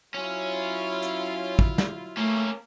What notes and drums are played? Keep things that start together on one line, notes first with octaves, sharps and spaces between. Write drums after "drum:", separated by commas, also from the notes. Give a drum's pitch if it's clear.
F#3 C#4 E4 F4
drum: hi-hat
drum: kick
drum: snare
A3 A#3 C#4